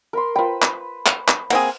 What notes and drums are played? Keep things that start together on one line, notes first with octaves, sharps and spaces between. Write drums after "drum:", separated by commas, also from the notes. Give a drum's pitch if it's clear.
A#4 B5 C6
F4 B4 C5 G5 B5
drum: clap
drum: clap
drum: clap
A#3 C4 G#4 F#5, drum: cymbal